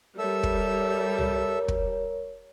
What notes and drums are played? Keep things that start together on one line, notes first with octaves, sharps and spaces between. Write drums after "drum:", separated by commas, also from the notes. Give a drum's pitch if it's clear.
G3 A4 A#4 C#5 E5 E6
drum: kick
drum: tom C2
drum: kick